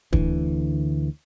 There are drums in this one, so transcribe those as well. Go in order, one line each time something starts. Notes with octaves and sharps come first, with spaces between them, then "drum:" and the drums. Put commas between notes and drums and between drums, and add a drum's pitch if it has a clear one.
D2 D3 E3, drum: kick